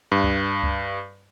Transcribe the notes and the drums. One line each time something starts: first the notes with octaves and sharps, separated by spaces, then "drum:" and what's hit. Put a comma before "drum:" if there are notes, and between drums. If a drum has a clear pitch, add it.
G2
drum: kick C#2
drum: kick C#2